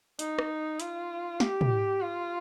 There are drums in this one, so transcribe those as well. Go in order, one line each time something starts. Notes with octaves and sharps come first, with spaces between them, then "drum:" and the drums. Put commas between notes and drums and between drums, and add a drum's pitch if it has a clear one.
D#4, drum: hi-hat
drum: rim click
F4, drum: hi-hat
G4, drum: snare
drum: tom
F4